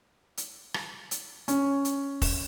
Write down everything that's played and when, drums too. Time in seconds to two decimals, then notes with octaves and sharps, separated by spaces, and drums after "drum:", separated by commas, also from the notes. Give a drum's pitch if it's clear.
0.37 drum: hi-hat
0.74 drum: rim click
1.11 drum: hi-hat
1.48 C#4, drum: hi-hat
1.85 drum: hi-hat
2.22 drum: kick, open hi-hat